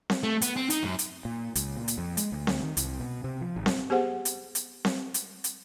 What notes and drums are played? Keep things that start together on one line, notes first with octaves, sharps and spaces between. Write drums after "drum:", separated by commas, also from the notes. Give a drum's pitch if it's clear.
drum: snare C4
A3
B3, drum: hi-hat
C4
D#4, drum: hi-hat
F#2
drum: hi-hat
A#2
C#2, drum: hi-hat
A#2
drum: hi-hat
F2
G#3, drum: hi-hat
D2
drum: snare C4
D#3
C2, drum: hi-hat
B2
C3
F3
G#1
drum: snare C4
B3 G4 G#4 C5 F#5
drum: hi-hat
drum: hi-hat
drum: snare C4
drum: hi-hat
drum: hi-hat